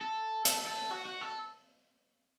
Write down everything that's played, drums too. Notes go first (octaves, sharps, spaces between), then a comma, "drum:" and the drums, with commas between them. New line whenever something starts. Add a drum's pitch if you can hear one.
A4
A4, drum: hi-hat
A4
F#4
F#4
A4